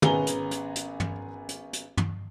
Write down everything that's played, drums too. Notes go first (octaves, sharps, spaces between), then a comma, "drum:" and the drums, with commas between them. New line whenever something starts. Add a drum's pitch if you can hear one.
G#1 B3 C#4 G#4 A#5 G7, drum: tom
drum: hi-hat
drum: hi-hat
drum: hi-hat
drum: tom
drum: hi-hat
drum: hi-hat
drum: tom